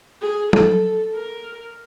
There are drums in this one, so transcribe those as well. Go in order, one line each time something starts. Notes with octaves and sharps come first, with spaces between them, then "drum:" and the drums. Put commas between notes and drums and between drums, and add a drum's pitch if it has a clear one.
G#4
A4, drum: tom F#3
A#4